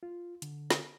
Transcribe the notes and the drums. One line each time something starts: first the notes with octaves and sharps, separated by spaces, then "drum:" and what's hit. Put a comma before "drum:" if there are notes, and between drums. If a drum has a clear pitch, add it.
F4
D3, drum: hi-hat
drum: snare